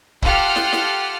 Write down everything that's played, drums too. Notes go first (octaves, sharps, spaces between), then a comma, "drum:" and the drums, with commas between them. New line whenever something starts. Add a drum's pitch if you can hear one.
F4 G4 A4 F#5 F6, drum: kick C#1
drum: snare
drum: snare